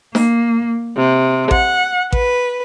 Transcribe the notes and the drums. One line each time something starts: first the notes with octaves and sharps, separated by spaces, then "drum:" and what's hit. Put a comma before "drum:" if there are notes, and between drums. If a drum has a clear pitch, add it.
A#3, drum: snare
C3
F#5, drum: kick A1
B4, drum: kick A1